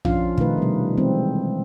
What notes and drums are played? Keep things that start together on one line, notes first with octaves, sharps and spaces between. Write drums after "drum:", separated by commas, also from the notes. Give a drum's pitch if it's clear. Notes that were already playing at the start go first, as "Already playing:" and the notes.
F3 C#4 D4 F4 F5, drum: tom A#1
B2 D#3 A3 D#4 B4, drum: kick
C3 G3
E3 G#3 C4 E4